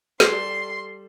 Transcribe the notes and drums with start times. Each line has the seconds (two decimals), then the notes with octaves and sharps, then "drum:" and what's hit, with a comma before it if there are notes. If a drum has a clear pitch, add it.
0.20 G3 G4 A4 C6, drum: snare